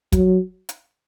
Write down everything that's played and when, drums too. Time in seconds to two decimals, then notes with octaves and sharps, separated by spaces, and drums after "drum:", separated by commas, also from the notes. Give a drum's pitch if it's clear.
0.12 F#3, drum: kick, hi-hat
0.69 drum: hi-hat